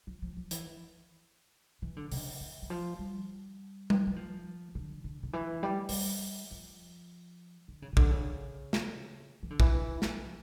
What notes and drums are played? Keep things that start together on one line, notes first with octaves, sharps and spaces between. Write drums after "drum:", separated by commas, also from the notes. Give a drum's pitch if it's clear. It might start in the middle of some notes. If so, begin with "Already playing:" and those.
F3
F3
F3
E3, drum: hi-hat
E3
D3
C#3, drum: open hi-hat
E3
E3
F3
G3
drum: tom G3
G3
F3
D3
D3
D3
E3
G3
G3, drum: open hi-hat
F3
D3
C#3
C#3
D3, drum: kick
C#3
drum: snare
E3
D3
E3, drum: kick
F3, drum: snare